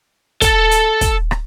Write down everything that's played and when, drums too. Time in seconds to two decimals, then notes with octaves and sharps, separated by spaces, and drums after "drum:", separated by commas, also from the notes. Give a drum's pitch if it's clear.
0.41 A4 A5, drum: kick, hi-hat
0.71 drum: hi-hat
1.01 drum: kick, hi-hat
1.31 drum: rim click